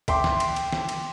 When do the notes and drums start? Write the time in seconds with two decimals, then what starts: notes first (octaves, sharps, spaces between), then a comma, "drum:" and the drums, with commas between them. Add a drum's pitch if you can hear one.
0.08 E5 G5 C6 D6, drum: kick, cymbal
0.24 drum: snare
0.40 drum: cymbal
0.56 drum: cymbal
0.73 drum: snare
0.89 drum: cymbal